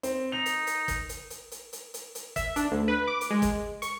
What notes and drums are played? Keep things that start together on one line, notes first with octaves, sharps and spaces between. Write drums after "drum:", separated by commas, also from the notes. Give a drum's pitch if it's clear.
C4, drum: hi-hat
D#4 F7
drum: hi-hat
drum: hi-hat
drum: kick, hi-hat
drum: hi-hat
drum: hi-hat
drum: hi-hat
drum: hi-hat
drum: hi-hat
drum: hi-hat
E5, drum: kick, hi-hat
D4, drum: hi-hat
D2
B4
D6
drum: hi-hat
G#3
drum: kick, hi-hat
C#6, drum: hi-hat